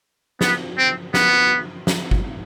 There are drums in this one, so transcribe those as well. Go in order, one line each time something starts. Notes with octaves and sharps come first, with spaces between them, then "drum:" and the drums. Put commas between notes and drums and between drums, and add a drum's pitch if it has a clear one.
B3, drum: snare
C4
B3, drum: snare
drum: snare
drum: kick G1